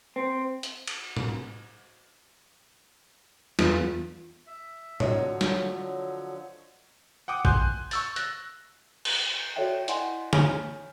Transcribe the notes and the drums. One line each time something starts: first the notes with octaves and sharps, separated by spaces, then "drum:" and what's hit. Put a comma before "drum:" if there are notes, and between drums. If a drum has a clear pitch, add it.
C4
drum: hi-hat
drum: cymbal
drum: tom
E2 F4, drum: snare
E5
D3 F3 F#3 C#5 D#5, drum: tom
drum: snare
F#5 G5 D6 D#6
G#5 C6 F#6 G6, drum: kick
C#6 E6 A6, drum: open hi-hat
F#6 A#6, drum: hi-hat
drum: cymbal
F#4 A4 C#5 D5 E5 G5
E4 D5 D#5 F#5 G#5 C6, drum: hi-hat
C#5 G#5 F6, drum: tom